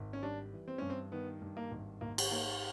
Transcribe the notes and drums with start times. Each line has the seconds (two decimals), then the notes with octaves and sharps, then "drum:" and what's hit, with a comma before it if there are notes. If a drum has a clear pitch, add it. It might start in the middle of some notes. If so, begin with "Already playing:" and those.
Already playing: G#1
0.13 C#4
0.22 G3 D4
0.53 E3
0.68 C4
0.78 G2 C#4
0.90 C4
1.12 D#3 B3
1.42 G2
1.57 A#3
1.72 G#1
2.01 G#1 A#3
2.18 drum: cymbal
2.31 D#3 A#3